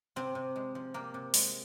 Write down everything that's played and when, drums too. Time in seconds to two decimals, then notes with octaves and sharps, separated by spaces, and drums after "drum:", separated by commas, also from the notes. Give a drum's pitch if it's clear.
0.16 C3 C4
0.35 C3
0.56 G#3
0.75 F3
0.94 C3 A#3
1.14 C3
1.34 G#3, drum: open hi-hat